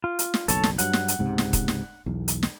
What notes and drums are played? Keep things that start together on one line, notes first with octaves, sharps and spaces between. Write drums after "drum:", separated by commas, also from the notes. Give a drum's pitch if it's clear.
F4
drum: hi-hat
drum: snare
F#1 B1 A4 C#5 A5, drum: hi-hat
drum: snare
G2 F#3 F#5, drum: hi-hat
drum: snare
drum: hi-hat
C#2 G#2 C3
drum: snare
drum: kick D#1, hi-hat
drum: snare
B1 E2
drum: hi-hat
drum: snare